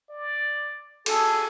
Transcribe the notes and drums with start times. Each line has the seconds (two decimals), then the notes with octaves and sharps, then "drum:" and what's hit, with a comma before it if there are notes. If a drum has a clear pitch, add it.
0.10 D5
1.06 G#4 A4, drum: cymbal